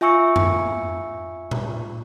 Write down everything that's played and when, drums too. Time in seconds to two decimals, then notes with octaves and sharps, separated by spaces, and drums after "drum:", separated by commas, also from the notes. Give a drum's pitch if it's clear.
0.01 F4 E5 G#5 C#6 E6 C#7
0.36 drum: tom F2
1.51 drum: tom A#2